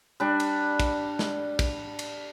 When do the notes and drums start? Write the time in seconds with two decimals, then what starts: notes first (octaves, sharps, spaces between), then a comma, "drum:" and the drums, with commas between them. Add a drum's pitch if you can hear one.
0.20 G3 D4
0.40 drum: cymbal
0.80 drum: kick, cymbal
1.19 drum: snare
1.59 drum: kick, cymbal
1.99 drum: cymbal